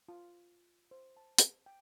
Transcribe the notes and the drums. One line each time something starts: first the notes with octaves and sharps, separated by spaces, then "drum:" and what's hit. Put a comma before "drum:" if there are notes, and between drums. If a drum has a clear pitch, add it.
F4
C5
A5
drum: hi-hat
G5